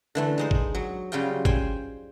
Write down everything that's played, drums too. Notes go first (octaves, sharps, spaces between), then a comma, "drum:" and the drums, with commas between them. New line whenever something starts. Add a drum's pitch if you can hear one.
D3 E3 A3
G#3 D#4 C5
drum: kick G1
F#3
C#3 F#3 G3 F4 G5
C5 G5 G#5, drum: kick G1